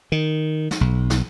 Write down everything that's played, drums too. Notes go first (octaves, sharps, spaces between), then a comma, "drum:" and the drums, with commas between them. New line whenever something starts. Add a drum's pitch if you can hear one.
D#3
drum: snare
B1
drum: snare